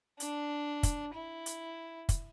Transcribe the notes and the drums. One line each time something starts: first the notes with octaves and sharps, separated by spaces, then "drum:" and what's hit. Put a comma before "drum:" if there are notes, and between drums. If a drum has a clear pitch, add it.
D4, drum: hi-hat
drum: kick, hi-hat
E4
drum: hi-hat
drum: kick, hi-hat